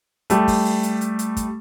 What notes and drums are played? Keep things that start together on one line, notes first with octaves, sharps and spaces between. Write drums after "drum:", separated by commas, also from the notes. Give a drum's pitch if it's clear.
G3 A3, drum: hi-hat
drum: kick, open hi-hat
drum: open hi-hat
drum: hi-hat
drum: hi-hat
drum: hi-hat
drum: kick, hi-hat